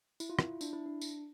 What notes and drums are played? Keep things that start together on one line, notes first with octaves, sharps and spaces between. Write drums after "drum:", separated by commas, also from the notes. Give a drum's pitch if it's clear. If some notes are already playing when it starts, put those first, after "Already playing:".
E4, drum: tambourine
F4
E4, drum: rim click
D4, drum: tambourine
E4
D4
drum: tambourine